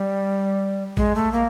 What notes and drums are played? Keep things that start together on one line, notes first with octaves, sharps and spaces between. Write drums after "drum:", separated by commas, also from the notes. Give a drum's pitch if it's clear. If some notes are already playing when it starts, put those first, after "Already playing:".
Already playing: G3
G#3, drum: kick A1
A3
A#3